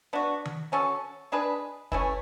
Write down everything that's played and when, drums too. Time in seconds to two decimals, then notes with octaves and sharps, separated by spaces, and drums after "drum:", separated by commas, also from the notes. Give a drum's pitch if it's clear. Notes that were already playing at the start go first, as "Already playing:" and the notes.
0.13 B3 D4 F#4
0.45 drum: tom D#3
0.72 F#3 C#4 F#4 A4
1.32 G#3 D4 G#4 B4
1.92 E3 A3 C#4, drum: kick